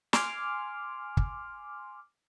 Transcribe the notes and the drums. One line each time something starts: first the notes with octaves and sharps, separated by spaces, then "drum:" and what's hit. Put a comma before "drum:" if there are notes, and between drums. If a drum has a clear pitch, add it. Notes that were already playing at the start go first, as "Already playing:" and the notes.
G#5 C6 D6 F6, drum: snare
drum: kick